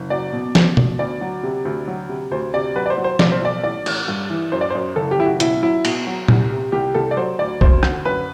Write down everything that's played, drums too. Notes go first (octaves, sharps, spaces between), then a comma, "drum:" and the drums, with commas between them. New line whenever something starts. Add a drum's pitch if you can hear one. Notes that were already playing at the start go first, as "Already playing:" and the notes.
Already playing: F#1
F#3 D5
B2
B2, drum: snare F3
B2, drum: tom B2
D2 D5
F#3
C3
D2
F#3
C3
D2 C5
C3 D5
F#3 B4
D5
C5
F#3
C5
B1 D5, drum: snare F3
C5
B1 D5
A1 D5
A1, drum: cymbal
G2
E3
F#2 C5
D5
F#2 C5
F#1 A4
G4
F#1 E4
F#4
B1 E4, drum: hi-hat
F#3 E4
B2, drum: cymbal
F#3
C2, drum: tom A#2
C3
C2 G4
C2 A4
D5
F#3 C5
D2 D5
D2 C5, drum: kick
D3, drum: rim click
F#2 B4